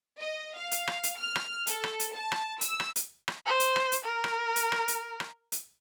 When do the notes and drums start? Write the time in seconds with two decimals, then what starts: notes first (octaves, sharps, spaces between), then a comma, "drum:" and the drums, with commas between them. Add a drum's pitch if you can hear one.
0.18 D#5
0.55 F5
0.71 drum: hi-hat
0.87 drum: rim click
1.03 drum: hi-hat
1.18 F6
1.35 drum: rim click
1.67 A4, drum: hi-hat
1.84 drum: rim click
2.00 drum: hi-hat
2.14 A5
2.32 drum: rim click
2.61 E6, drum: hi-hat
2.80 drum: rim click
2.96 drum: hi-hat
3.28 drum: rim click
3.46 C5
3.60 drum: hi-hat
3.76 drum: rim click
3.92 drum: hi-hat
4.04 A#4
4.24 drum: rim click
4.56 drum: hi-hat
4.72 drum: rim click
4.88 drum: hi-hat
5.20 drum: rim click
5.52 drum: hi-hat